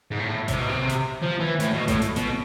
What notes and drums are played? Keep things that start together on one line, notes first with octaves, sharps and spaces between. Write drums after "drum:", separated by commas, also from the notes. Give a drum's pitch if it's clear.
G#2
A2
C3, drum: kick A1, hi-hat
B2
C3
drum: hi-hat
F3
E3
A2, drum: hi-hat
B2
A2, drum: kick A1, hi-hat
drum: hi-hat
B2, drum: hi-hat